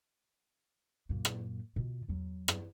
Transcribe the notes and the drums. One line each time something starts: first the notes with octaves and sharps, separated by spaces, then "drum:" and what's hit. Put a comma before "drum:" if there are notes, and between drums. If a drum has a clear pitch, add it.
F#2 A#2
drum: rim click
B2 F4
E2 F#3
drum: rim click